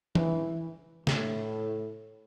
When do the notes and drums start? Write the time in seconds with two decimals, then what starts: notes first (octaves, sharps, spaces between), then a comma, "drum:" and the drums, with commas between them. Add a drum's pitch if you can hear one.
0.15 E3, drum: tom E3
1.07 A2, drum: snare